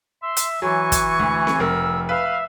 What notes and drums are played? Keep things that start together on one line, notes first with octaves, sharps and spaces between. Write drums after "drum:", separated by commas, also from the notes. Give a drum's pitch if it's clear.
E5 C6
drum: hi-hat
E3 F#3 G#5 C#6
drum: kick, hi-hat
D2
drum: snare C4
F1 A#4 E6
B4 E5 F5